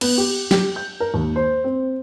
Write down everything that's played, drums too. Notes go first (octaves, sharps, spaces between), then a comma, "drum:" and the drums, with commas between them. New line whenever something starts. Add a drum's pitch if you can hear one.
B3, drum: cymbal
G4
G4, drum: snare
G6
A#4
D#2
C5
C4